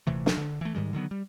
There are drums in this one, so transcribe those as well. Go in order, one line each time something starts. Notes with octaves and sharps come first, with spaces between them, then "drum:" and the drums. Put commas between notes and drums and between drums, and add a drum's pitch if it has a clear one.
D#1 C3 E3 A3
drum: snare
D3
E3 A3
G#2 D#3 G3 G#3
D3 D#3 F#3 B3
G3